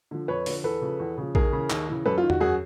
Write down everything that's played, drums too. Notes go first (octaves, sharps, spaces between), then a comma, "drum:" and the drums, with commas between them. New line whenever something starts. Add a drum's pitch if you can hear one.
D3 F3
F2 B4 C#5
D3 F3, drum: open hi-hat
E2 A4 B4
C#3 F3
E2
C#3 F3
D#2 G#4 A#4, drum: kick
C#3 E3
D#2, drum: clap
C#3 E3
F#2 A4 B4
F4
D#3
F#4, drum: tom E2
F#2 F#4 G#4